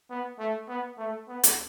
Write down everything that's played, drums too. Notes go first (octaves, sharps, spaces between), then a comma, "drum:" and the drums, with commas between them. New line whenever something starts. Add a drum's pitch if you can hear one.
B3
A3
B3
A3
B3
drum: hi-hat